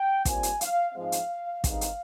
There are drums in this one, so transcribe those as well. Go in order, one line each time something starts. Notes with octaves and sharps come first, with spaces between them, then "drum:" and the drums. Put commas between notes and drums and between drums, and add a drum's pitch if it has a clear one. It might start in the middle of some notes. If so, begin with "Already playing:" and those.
Already playing: G5
A#2 G3 C4 F4 G#5, drum: kick, hi-hat
drum: hi-hat
F5, drum: hi-hat
G#2 F3 G#3 C4 F5
drum: hi-hat
G2 D#3 G#3 C4 D#4 F5, drum: kick, hi-hat
drum: hi-hat